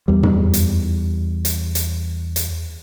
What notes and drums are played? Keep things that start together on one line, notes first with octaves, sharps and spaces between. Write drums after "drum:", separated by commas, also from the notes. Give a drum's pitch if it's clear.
E2 G3
drum: tom
drum: hi-hat
drum: hi-hat
drum: hi-hat
drum: hi-hat